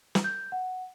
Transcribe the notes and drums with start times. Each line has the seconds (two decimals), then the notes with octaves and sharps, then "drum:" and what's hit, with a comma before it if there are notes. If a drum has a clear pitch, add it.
0.15 drum: snare
0.24 G6
0.52 F#5